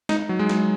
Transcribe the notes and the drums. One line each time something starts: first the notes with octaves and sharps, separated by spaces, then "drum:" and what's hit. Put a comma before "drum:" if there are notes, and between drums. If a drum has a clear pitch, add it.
D#4, drum: snare
F#3
G#3
drum: snare